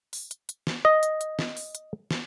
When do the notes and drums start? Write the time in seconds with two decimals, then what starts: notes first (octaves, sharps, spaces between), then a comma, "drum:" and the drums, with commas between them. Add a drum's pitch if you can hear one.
0.13 drum: open hi-hat
0.31 drum: hi-hat
0.49 drum: hi-hat
0.67 drum: snare
0.85 D#5
1.03 drum: hi-hat
1.21 drum: hi-hat
1.39 drum: snare
1.57 drum: open hi-hat
1.75 drum: hi-hat
2.11 drum: snare